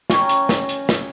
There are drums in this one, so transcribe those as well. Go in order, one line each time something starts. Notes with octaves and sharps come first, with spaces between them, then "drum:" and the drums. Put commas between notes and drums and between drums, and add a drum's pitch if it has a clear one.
C#4 C#5 G5 A#5, drum: snare
drum: hi-hat
drum: snare
drum: hi-hat
drum: snare